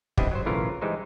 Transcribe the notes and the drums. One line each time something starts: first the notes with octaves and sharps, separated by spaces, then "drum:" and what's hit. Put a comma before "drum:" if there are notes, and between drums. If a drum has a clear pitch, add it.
G3 B3 C4 D4 E4 D#5, drum: kick
F#3 C5
B1 A2 C#3 E3 F4 A#4
E3 G3 G#3 D#4 C5